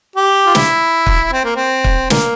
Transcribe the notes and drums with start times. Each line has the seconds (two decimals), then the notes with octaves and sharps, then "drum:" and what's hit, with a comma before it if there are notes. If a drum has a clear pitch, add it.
0.16 G4
0.46 F4
0.55 E4, drum: snare
1.06 drum: kick
1.33 C4
1.45 A#3
1.56 C4
1.84 drum: kick
2.10 A#3, drum: snare